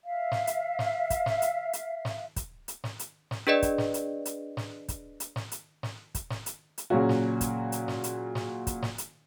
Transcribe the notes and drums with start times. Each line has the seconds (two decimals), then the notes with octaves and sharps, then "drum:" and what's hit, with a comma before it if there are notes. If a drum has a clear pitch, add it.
0.04 E5 F5
0.32 drum: snare
0.47 drum: hi-hat
0.79 drum: snare
1.10 drum: kick, hi-hat
1.26 drum: snare
1.42 drum: hi-hat
1.73 drum: hi-hat
2.05 drum: snare
2.36 drum: kick, hi-hat
2.68 drum: hi-hat
2.84 drum: snare
2.99 drum: hi-hat
3.31 drum: snare
3.47 D4 G#4 B4 D5 D#5
3.62 drum: kick, hi-hat
3.78 drum: snare
3.94 drum: hi-hat
4.25 drum: hi-hat
4.57 drum: snare
4.89 drum: kick, hi-hat
5.20 drum: hi-hat
5.36 drum: snare
5.52 drum: hi-hat
5.83 drum: snare
6.15 drum: kick, hi-hat
6.30 drum: snare
6.46 drum: hi-hat
6.78 drum: hi-hat
6.90 A#2 C#3 F#3 C#4 F#4
7.09 drum: snare
7.41 drum: kick, hi-hat
7.72 drum: hi-hat
7.88 drum: snare
8.04 drum: hi-hat
8.35 drum: snare
8.67 drum: kick, hi-hat
8.82 drum: snare
8.98 drum: hi-hat